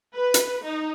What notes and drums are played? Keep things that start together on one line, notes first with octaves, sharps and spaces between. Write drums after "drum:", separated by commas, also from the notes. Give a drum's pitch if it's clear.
B4
drum: hi-hat
D#4